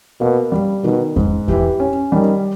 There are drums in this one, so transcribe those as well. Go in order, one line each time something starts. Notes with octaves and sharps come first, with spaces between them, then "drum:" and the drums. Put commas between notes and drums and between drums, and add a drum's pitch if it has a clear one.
B2 A#3
G3
B2 D#3
G#2, drum: kick E2
E3 G4, drum: kick E2
C#4
D#3 G3